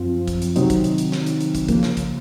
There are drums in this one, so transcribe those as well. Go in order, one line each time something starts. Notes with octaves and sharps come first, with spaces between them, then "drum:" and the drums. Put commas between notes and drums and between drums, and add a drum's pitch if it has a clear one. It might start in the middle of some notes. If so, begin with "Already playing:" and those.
Already playing: F#2 F3 C4 F4
drum: kick, hi-hat
drum: hi-hat
C3 D#3 F#3 C4 D#4, drum: hi-hat
drum: kick, hi-hat
drum: hi-hat
drum: hi-hat
drum: snare
drum: hi-hat
drum: hi-hat
drum: kick, hi-hat
C#3 F3 A#3, drum: kick, hi-hat
drum: snare
drum: kick, hi-hat